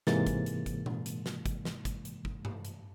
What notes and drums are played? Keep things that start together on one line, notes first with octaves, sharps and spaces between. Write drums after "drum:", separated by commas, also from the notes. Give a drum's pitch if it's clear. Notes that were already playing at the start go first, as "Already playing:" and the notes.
G#2 C3 E3 G#3 A#3 A6, drum: snare
drum: kick G1, hi-hat
drum: hi-hat
drum: kick G1, hi-hat
drum: tom A#2
drum: hi-hat
drum: snare
drum: kick G1, hi-hat
drum: snare
drum: kick G1, hi-hat
drum: hi-hat
drum: kick G1
drum: tom G2
drum: hi-hat